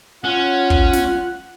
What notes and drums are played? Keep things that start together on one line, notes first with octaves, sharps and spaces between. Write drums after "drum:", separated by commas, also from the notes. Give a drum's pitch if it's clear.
C#4 F4 F#5
drum: kick
drum: snare